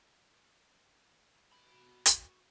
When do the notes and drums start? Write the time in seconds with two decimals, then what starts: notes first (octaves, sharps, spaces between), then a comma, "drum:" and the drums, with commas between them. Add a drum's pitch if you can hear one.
1.52 F#4 B5
2.06 drum: hi-hat